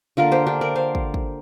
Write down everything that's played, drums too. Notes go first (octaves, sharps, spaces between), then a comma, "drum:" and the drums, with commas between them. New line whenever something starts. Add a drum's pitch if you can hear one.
D3 A#3 F4 A#4
G4 C5
D4 G4
A#4 D5
C5 F5
drum: kick
drum: kick